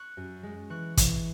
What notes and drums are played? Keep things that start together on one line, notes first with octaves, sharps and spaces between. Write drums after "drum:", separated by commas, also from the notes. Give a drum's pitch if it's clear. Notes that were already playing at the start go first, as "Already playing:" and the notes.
Already playing: C#6 F#6
F#2
G#3
E3 C#6 F#6
E3, drum: kick, hi-hat